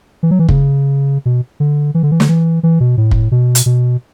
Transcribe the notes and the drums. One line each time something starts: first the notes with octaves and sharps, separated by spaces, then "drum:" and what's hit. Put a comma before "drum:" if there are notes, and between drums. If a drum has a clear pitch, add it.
E3
F#3
E3
C#3, drum: kick
B2
D3
E3
D3
E3
D3, drum: snare
E3
E3
B2
A2
drum: kick
B2
drum: hi-hat
B2